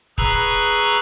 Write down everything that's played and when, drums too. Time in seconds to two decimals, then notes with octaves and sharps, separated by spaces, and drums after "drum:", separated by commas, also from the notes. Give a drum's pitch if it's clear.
0.18 G#4 B4 A#5 B5 C#6 E6, drum: kick D#1